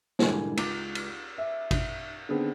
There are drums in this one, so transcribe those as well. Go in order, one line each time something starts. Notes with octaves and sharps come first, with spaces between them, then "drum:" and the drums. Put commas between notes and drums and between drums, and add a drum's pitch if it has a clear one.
E1 G#2 D3 E3 G3 G#5, drum: snare
C#2 D6, drum: cymbal
drum: cymbal
E5
drum: kick G#1, cymbal
D3 D#3 B3 C4 D4 G#4